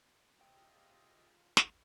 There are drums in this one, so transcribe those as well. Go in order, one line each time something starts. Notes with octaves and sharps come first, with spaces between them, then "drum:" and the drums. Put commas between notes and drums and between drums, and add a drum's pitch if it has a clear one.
C3 C4 D#5 G5
D#4 F4 G4 G#4
drum: snare